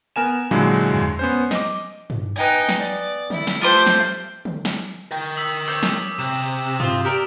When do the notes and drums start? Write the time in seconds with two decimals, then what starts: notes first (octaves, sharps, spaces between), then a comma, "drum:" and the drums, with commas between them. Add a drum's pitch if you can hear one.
0.16 B3 A#4 G#5 E7
0.51 A#2 D3 F#3 G#3 E4
0.92 drum: tom E2
1.19 B3 C#4 C5
1.51 D#5 D6, drum: snare
2.10 drum: tom G2
2.36 B3 D#4 G5 G#5
2.69 drum: snare
2.78 D5
3.30 E4, drum: tom D3
3.47 drum: snare
3.61 A3 F4 G4 C5 C6
3.86 drum: snare
4.45 drum: tom D3
4.65 drum: snare
5.11 A#4 G5
5.37 D#6 E6 B6
5.68 C5 C#5 D6
5.83 drum: snare
6.19 C3 E7
6.80 F4 C5 D#6, drum: tom G2
7.05 G4 A#4 D5